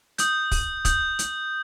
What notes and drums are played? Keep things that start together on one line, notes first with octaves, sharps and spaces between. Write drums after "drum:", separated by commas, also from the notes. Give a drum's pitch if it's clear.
D#6 G6, drum: hi-hat
drum: kick, open hi-hat
D#6 G6, drum: kick, hi-hat
drum: hi-hat